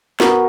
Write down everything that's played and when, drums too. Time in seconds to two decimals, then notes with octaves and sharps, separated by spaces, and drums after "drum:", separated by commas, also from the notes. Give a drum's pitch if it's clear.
0.20 B3 F#4 A#4, drum: snare